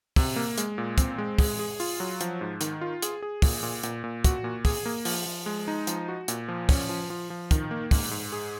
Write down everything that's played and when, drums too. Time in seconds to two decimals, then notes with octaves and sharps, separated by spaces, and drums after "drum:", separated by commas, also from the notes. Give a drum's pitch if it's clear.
0.16 C3, drum: kick, open hi-hat
0.36 A#3
0.58 G#3, drum: hi-hat
0.78 A#2
0.98 C4, drum: kick, hi-hat
1.18 G#3
1.38 G#4, drum: kick, open hi-hat
1.59 G#4
1.80 F4, drum: open hi-hat
2.00 F#3
2.21 F3, drum: hi-hat
2.41 G#2
2.61 D#3, drum: hi-hat
2.81 F4
3.02 G#4, drum: hi-hat
3.22 G#4
3.42 A#2, drum: kick, open hi-hat
3.63 A#2
3.83 A#2, drum: hi-hat
4.04 A#2
4.24 F#4, drum: kick, hi-hat
4.44 A#2
4.65 G#4, drum: kick, open hi-hat
4.86 A#3
5.05 F3, drum: open hi-hat
5.26 F3
5.46 G#3
5.68 D#4
5.87 F3, drum: hi-hat
6.08 F#4
6.28 A#2, drum: hi-hat
6.48 F3
6.69 C#4, drum: kick, open hi-hat
6.89 F3
7.10 F3
7.30 F3
7.51 D#3, drum: kick, hi-hat
7.71 A#3
7.91 G#2, drum: kick, open hi-hat
8.11 G#2
8.32 G#4